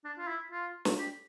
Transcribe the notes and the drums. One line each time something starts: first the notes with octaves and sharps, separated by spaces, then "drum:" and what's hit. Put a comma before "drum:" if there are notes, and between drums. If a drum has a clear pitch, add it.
D4
F4
E4
F4
drum: snare
G4